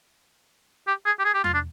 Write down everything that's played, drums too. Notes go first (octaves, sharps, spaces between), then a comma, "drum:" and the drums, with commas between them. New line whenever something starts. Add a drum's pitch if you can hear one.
G4
G#4
G4
G#4
G4
F4, drum: tom E2
D4